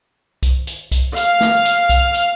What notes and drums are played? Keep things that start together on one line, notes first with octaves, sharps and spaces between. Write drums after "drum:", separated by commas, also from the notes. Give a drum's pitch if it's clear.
drum: kick C2, hi-hat
drum: hi-hat
drum: kick C2, hi-hat
F5, drum: hi-hat
drum: snare
drum: hi-hat
drum: kick C2, hi-hat
drum: hi-hat